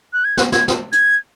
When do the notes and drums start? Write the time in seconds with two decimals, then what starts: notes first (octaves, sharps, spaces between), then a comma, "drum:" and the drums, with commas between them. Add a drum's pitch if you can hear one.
0.13 F#6
0.25 G#6
0.37 F#6, drum: snare
0.52 G#6, drum: snare
0.68 drum: snare
0.92 G#6, drum: hi-hat